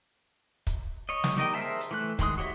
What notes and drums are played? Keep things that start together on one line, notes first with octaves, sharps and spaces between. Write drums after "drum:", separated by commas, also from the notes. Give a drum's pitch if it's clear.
drum: kick, hi-hat
C#5 D#5
drum: snare
G3 D#4 A#4 D#5 G5
G#4 A#4 C5 E5 A5
drum: hi-hat
E3 A3 F#6
D#3 G#3 C6 D#6, drum: kick, hi-hat
F#4 G4 C#5 D#5 E5